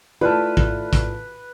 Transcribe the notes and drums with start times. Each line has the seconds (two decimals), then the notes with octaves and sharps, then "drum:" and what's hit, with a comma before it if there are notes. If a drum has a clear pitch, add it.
0.21 A3 E4 F4 B4 D5 G#5 A5 F6
0.57 drum: kick
0.93 drum: kick, hi-hat